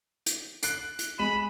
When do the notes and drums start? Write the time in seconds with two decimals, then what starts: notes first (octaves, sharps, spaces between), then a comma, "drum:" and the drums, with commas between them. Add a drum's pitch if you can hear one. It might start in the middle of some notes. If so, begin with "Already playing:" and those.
0.26 drum: hi-hat
0.63 F#6 C7 D7, drum: hi-hat
0.99 drum: hi-hat
1.19 G#3 B5 D#7 E7